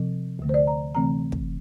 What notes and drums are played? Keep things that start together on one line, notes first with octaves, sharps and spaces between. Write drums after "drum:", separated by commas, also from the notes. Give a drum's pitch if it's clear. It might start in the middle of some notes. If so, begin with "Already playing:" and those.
Already playing: C3 F3 C4
D2 D3 A3
C5
D5
A#5
C3 E3 A3 C4 A#5
drum: kick